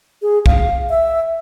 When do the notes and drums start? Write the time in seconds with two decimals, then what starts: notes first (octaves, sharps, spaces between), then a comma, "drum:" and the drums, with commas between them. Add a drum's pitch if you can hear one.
0.22 G#4
0.46 F5, drum: kick
0.90 E5